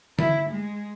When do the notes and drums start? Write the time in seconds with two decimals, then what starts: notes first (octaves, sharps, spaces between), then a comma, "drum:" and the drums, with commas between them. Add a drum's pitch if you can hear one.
0.19 E4, drum: tom D3
0.49 G#3